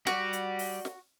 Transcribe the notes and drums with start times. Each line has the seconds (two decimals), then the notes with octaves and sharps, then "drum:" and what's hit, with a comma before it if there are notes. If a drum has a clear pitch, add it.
0.07 F#4 G4 D5, drum: snare
0.33 drum: hi-hat
0.59 drum: open hi-hat
0.85 drum: snare